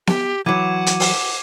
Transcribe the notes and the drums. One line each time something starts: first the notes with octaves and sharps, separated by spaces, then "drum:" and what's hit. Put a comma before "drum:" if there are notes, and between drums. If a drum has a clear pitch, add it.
G4, drum: snare B3
E3 F#3 F#5 D6 G#6 D#7
drum: hi-hat
drum: open hi-hat